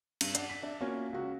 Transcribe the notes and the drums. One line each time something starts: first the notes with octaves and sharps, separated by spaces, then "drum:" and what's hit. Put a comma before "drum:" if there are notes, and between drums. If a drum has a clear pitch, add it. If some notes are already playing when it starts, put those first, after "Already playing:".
G2, drum: cymbal
D4 F#5 C7, drum: hi-hat
B6
D4 E5
A#3 C#4 F4 F#4
C#2 F#4